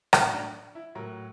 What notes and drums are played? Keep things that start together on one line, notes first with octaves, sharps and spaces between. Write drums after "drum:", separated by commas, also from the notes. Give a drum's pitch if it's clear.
A2 F#3 C#4, drum: rim click
D4
E4
A2 F#3 A#4